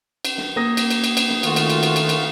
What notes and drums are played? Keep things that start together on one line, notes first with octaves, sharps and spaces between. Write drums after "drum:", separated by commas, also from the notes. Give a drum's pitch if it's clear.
drum: cymbal
drum: snare
A#3 D#6 A#6
drum: cymbal
drum: cymbal
drum: cymbal
drum: cymbal
drum: snare
D#3 A3 F4 F#4, drum: cymbal
drum: cymbal
drum: cymbal
drum: cymbal
drum: cymbal
drum: cymbal